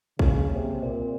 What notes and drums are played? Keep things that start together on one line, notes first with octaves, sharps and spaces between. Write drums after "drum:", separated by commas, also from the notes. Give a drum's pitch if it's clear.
C#3 A#3, drum: kick A#1
C3
A#2 C4